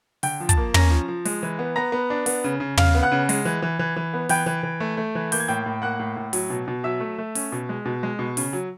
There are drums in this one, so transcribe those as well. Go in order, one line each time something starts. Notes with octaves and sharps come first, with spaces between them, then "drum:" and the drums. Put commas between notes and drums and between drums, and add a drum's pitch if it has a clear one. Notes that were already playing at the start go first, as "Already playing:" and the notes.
D3 G5 G6, drum: open hi-hat
F3
A5 A6, drum: kick, hi-hat
A#3
C#4 A#5 A#6, drum: tom
F3
F3
G#3, drum: open hi-hat
E3
B3
B3 A#5 A#6
B3
D4
B3, drum: open hi-hat
C#3
C#3
C#3 F5 F6, drum: tom
B3
F#5 F#6
C#3
G#3, drum: open hi-hat
E3
E3
E3
E3
B3
E3 G5 G6, drum: open hi-hat
E3
E3
A3
A3
E3
A#3 G6, drum: open hi-hat
G#6
A2 G5 G6
A2
A#3 F#5 F#6
A2
A2
F#3, drum: open hi-hat
B2
B2
F#3 E5 E6
A3
A3
C#4, drum: open hi-hat
B2
G#3
B2
G#3
B2
C#3, drum: open hi-hat
F#3